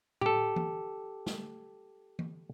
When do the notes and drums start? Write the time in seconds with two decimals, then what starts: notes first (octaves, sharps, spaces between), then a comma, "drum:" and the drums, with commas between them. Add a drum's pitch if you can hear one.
0.21 G4 A4, drum: tom A2
0.56 drum: tom E3
1.26 drum: snare
2.19 drum: tom E3